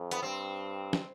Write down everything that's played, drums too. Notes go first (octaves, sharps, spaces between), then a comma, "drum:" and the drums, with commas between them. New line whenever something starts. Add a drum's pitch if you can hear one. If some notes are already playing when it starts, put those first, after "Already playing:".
Already playing: F2
B3, drum: hi-hat
G2 C4
drum: snare